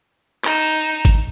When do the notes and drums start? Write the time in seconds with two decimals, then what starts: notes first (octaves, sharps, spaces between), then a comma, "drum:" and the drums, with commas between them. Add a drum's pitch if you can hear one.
0.44 D#4 E7, drum: clap
1.05 drum: kick G1, hi-hat